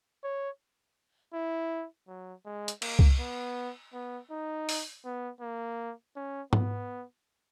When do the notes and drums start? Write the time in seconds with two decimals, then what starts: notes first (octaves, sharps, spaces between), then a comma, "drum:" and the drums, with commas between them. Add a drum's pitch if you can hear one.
0.24 C#5
1.34 E4
2.08 F#3
2.46 G#3
2.68 drum: hi-hat
2.82 A#3, drum: cymbal
2.99 drum: kick C2
3.19 B3
3.93 B3
4.31 D#4
4.69 drum: open hi-hat
5.05 B3
5.41 A#3
6.16 C#4
6.53 B3, drum: tom G#2